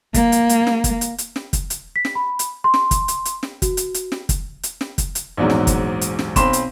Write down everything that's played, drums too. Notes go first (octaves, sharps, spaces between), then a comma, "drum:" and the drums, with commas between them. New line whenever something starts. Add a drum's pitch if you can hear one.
A#3, drum: kick, hi-hat
drum: hi-hat
drum: hi-hat
drum: snare
drum: kick, hi-hat
drum: hi-hat
drum: hi-hat
drum: snare
drum: kick, hi-hat
drum: hi-hat
B6
drum: snare
B5
drum: hi-hat
C6
drum: snare
drum: kick, hi-hat
drum: hi-hat
drum: hi-hat
drum: snare
F#4, drum: kick, hi-hat
drum: hi-hat
drum: hi-hat
drum: snare
drum: kick, hi-hat
drum: hi-hat
drum: snare
drum: kick, hi-hat
drum: hi-hat
A#1 E2 G#2 F#3
drum: snare
drum: kick, hi-hat
drum: hi-hat
drum: snare
B1 C4 B5 C6 E7, drum: kick, hi-hat
drum: hi-hat